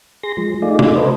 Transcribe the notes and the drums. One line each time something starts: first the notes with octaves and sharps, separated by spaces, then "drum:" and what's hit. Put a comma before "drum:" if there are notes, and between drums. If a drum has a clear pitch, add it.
G#4 C6 A#6
F3 G#3
A3 D#4 F4 G#4 D5
drum: tom
A4 B4 C5 D#5